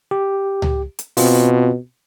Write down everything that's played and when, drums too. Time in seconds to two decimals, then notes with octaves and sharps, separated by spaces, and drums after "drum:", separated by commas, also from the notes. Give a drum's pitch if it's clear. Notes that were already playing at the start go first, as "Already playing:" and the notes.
0.11 G4
0.62 drum: tom C#2
0.99 drum: hi-hat
1.17 B2 C4 F4, drum: open hi-hat